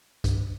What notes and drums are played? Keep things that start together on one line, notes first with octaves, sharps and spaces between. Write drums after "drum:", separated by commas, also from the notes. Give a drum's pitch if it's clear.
G2, drum: kick, hi-hat